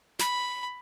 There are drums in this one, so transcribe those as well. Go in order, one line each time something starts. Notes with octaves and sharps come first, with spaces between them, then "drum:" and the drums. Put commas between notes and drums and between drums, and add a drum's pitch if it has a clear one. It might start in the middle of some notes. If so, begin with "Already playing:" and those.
B5, drum: snare